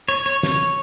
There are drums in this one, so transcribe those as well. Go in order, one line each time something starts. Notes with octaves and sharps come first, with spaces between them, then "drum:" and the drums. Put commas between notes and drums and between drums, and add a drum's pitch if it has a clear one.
C#5
C#5
drum: snare